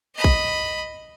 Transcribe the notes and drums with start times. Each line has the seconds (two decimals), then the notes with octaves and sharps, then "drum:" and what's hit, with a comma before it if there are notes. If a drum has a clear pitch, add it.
0.15 D#5 B5
0.24 drum: kick A#1